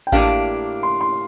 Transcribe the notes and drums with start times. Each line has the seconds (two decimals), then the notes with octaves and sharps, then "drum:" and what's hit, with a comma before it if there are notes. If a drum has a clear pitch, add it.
0.07 G5
0.12 A2 F3 A#3 D4 G4 F5, drum: kick A1
0.83 C6
1.01 C6